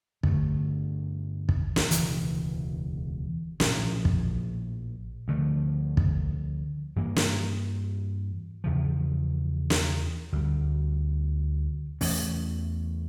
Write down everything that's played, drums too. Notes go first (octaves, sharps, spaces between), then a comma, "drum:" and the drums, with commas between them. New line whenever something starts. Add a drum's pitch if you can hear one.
G2 D3 A3, drum: kick
drum: kick
drum: snare
E1 D2 C#3 E3, drum: hi-hat
A#1 A2 F3 C#4, drum: snare
drum: kick
D2 D3 F3 A3
drum: kick
G2 E3 A#3
drum: snare
E2 C#3 F3
drum: snare
D2 D3 G3
E2 E3 A3 C#4, drum: open hi-hat